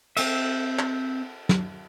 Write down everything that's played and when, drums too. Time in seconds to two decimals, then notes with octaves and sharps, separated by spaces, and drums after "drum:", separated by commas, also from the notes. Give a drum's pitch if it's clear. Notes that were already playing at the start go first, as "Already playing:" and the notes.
0.17 C4 E5, drum: cymbal
0.79 drum: clap
1.49 drum: snare